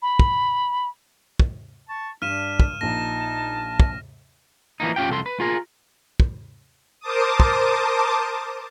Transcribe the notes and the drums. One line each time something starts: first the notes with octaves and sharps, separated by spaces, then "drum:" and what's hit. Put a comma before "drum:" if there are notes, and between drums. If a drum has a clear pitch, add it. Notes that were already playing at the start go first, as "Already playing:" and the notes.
B5
drum: kick
drum: kick
A5 C#6
G2 D4 F6 B6 D#7 E7
drum: kick
A#1 A#2 D#4 A5 A#6
drum: kick
E3 F3 A#3 D#4
C#4 F4 G4 G5
C2 F2 A4 C6
B4
F4 G#4 A#4
drum: kick
A#4 C5 A5 D6 D#6
drum: kick